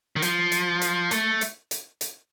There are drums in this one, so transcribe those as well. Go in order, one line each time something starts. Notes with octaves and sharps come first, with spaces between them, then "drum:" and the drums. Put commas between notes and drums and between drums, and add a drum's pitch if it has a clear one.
D#3
F3, drum: hi-hat
drum: hi-hat
drum: hi-hat
A3, drum: hi-hat
drum: hi-hat
drum: hi-hat
drum: hi-hat